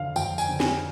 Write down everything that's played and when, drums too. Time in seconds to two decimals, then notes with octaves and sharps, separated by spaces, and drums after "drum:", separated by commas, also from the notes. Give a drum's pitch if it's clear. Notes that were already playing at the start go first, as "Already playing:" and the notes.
Already playing: F2 D3 F5
0.16 F2 G5, drum: tambourine
0.38 G#5, drum: tambourine
0.49 D3
0.60 G#5, drum: snare